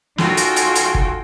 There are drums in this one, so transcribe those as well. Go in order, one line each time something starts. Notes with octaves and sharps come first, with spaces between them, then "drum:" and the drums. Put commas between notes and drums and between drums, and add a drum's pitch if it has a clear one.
D#4 F4 F#4 A4 G5 G#5, drum: snare
drum: hi-hat
drum: hi-hat
drum: hi-hat
drum: kick G1